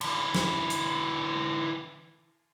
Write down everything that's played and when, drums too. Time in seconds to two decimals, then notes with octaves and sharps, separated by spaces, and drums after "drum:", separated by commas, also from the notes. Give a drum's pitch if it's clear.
0.01 D3 E3, drum: cymbal
0.35 drum: snare
0.70 drum: hi-hat